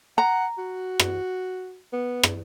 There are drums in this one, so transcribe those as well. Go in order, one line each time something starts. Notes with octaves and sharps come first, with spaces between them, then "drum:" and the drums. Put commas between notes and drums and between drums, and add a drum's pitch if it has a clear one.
F#5 A#5
F#4
drum: rim click
B3
drum: rim click